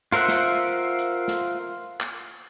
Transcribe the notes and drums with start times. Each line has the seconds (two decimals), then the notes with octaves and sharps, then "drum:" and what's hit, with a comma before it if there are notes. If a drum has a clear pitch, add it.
0.12 F4 A#4 C5 E5 F#5, drum: snare
0.28 drum: snare
0.99 drum: hi-hat
1.28 drum: snare
2.00 drum: clap